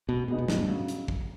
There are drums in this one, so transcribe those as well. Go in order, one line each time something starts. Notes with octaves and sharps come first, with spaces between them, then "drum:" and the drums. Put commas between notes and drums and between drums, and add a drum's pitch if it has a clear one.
B2
B2 G#3 B3 D#4
B2
A2, drum: snare
G2
C#3 F#3
drum: hi-hat
drum: kick